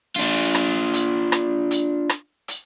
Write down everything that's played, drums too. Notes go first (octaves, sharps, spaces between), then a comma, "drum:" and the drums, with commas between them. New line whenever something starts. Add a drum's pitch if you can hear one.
D4 F4
drum: rim click
drum: hi-hat
drum: rim click
drum: hi-hat
drum: rim click
drum: hi-hat